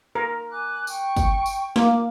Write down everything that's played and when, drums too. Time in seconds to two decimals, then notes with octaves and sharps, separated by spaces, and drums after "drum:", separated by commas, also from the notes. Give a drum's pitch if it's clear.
0.15 A#4
0.51 G#5 D6 F#6
0.87 G5 C#6, drum: tambourine
1.16 drum: kick, tambourine
1.46 drum: tambourine
1.76 A#3 D6, drum: snare